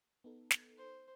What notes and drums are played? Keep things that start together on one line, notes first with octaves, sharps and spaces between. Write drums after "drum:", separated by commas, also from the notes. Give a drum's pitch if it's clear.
B3 D#4 A4
drum: snare
C5